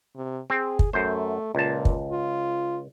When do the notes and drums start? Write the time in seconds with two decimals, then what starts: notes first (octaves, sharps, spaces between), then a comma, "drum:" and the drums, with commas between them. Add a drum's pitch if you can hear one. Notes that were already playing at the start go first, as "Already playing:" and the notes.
0.16 C3
0.50 C4 G#4
0.79 drum: kick
0.93 F#2 A3 C5
1.55 C#2 A#2 A5
1.85 drum: kick
2.12 F4